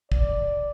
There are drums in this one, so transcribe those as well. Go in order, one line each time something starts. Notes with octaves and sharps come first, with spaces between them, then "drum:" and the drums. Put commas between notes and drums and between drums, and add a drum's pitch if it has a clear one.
D5, drum: kick